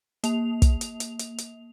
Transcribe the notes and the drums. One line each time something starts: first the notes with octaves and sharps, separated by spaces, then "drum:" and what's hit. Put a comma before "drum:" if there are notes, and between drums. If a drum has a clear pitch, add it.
A#3 F7, drum: hi-hat
drum: kick, hi-hat
drum: hi-hat
drum: hi-hat
drum: hi-hat
drum: hi-hat